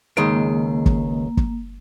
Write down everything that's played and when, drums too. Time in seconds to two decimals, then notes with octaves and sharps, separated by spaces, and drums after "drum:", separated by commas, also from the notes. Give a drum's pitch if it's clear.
0.17 C#2 D#3 G#3 A#3
0.86 drum: kick
1.37 drum: kick